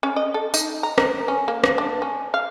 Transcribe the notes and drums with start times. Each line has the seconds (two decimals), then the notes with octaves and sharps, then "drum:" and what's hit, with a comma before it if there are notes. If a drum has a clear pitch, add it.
0.03 C#4
0.16 D#5
0.34 A4
0.54 D#4, drum: tambourine
0.83 A#5
0.98 A#4, drum: rim click
1.28 C#4
1.48 A#3
1.64 drum: rim click
1.78 D4
2.02 C#4
2.34 F5